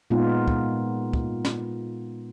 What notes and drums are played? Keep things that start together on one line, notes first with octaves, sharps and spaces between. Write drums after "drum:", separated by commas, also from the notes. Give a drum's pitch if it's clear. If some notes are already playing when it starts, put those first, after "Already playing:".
A#2 G#3 B3 D#4 F4
drum: kick
drum: kick
drum: snare